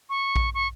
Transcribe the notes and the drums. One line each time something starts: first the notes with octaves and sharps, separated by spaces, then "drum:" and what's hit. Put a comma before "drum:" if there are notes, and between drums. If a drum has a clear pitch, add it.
C#6
drum: kick A#1
C#6